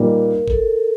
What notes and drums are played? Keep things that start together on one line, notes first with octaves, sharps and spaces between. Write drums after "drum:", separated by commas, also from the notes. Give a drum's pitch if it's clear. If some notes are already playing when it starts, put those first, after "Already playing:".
Already playing: A#2 G3 A#3 D#4 A#4
A4, drum: kick G#1